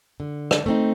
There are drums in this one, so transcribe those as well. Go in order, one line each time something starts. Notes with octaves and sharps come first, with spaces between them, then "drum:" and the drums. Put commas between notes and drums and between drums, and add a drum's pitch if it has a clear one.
D3
drum: rim click
A3 C4 D#4